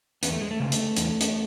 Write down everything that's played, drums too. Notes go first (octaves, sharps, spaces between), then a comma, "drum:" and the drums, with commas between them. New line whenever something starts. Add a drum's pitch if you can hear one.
E2 B3, drum: hi-hat
A3
G#3
A3
C#3 G#3
drum: hi-hat
E2, drum: hi-hat
drum: hi-hat